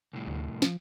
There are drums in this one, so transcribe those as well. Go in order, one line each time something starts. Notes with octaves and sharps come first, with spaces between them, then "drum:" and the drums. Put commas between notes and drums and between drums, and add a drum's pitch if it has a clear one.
C2 A2
D2
F3, drum: snare